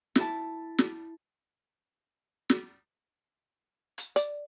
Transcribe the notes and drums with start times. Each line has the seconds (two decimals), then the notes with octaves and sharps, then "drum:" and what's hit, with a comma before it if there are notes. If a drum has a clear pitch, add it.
0.15 E4 A5, drum: snare
0.78 drum: snare
2.50 drum: snare
3.98 drum: hi-hat
4.16 D5, drum: hi-hat